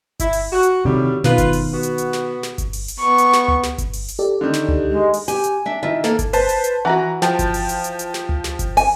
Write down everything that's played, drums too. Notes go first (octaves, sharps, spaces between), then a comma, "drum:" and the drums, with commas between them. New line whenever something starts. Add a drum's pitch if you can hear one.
E4, drum: kick G1, hi-hat
drum: open hi-hat
F#4
drum: hi-hat
A2 C3 D#3 F#3 G3
B2 D#3 F4 B4, drum: snare
drum: kick G1, hi-hat
drum: open hi-hat
B3 F#4
drum: hi-hat
drum: hi-hat
drum: snare
drum: snare
drum: kick G1, hi-hat
drum: open hi-hat
drum: hi-hat
B3 C#6
drum: hi-hat
drum: snare
drum: tom C#2
drum: snare
drum: kick G1, hi-hat
drum: open hi-hat
drum: hi-hat
G4 A4 D5
D3 D#3
drum: snare
drum: tom C#2
G#3
drum: open hi-hat
G4 G#5, drum: hi-hat
drum: hi-hat
D4 E5
D#3 E4 F4 E5
A#3 A4 F5, drum: snare
drum: kick G1, hi-hat
B4 C5 A5, drum: open hi-hat
drum: hi-hat
drum: hi-hat
E3 F#4 F#5 A#5
F3 G5 A5, drum: snare
drum: kick G1, hi-hat
drum: open hi-hat
drum: hi-hat
drum: hi-hat
drum: hi-hat
drum: snare
drum: tom C#2
drum: snare
drum: kick G1, hi-hat
G#5, drum: open hi-hat